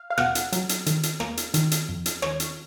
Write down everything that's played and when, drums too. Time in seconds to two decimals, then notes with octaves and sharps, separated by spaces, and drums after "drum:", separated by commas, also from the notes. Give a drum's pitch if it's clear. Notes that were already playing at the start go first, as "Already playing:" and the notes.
Already playing: F5
0.10 F5
0.18 B2 F#5, drum: rim click
0.35 drum: hi-hat
0.52 F#3, drum: hi-hat
0.69 drum: hi-hat
0.86 D#3, drum: hi-hat
1.03 drum: hi-hat
1.20 A#3, drum: rim click
1.37 drum: hi-hat
1.54 D#3, drum: hi-hat
1.72 drum: hi-hat
1.89 F2
2.06 drum: hi-hat
2.22 D#3 C#5, drum: rim click
2.40 drum: hi-hat